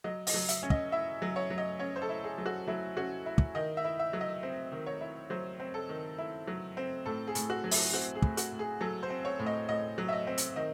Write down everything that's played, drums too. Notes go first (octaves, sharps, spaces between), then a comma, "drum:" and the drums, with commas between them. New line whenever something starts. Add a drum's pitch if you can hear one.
F#3 D#5
D#5, drum: open hi-hat
F#3
E5, drum: hi-hat
C#4
D#5, drum: kick
E4 E5
F#3
C#5
F#3
D#5
C#4 C#5
C5
A4
E4
G#4
F#3
F#4
F#3 E4
C#4 F#4
E4
drum: kick
D#3 D#5
E5
E4
E5
F#3
D#5
C4
D#3
C#5
E4
F#3 C5
C4
A4
D#3
E4
F#3
C4
A2 A4
G#4
A2, drum: hi-hat
F#4
F#3
E4, drum: open hi-hat
C4 F#4
G#4
A2, drum: kick
F#4, drum: hi-hat
A2
G#4
F#3 A4
C5
C4
C#5
A2
D#5
A2 D#5
F#3
E5
D#5
C4
drum: hi-hat
D#3 D#5